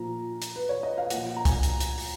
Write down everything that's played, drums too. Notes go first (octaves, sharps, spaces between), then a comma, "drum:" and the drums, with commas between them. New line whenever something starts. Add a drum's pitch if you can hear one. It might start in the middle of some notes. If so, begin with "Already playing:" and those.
Already playing: A#2 F3 A#5
drum: hi-hat
B4
C#5
D#5
F5
A#2 F#5, drum: hi-hat
F3
A#5
G#5, drum: kick C2, hi-hat
drum: hi-hat
drum: hi-hat
drum: open hi-hat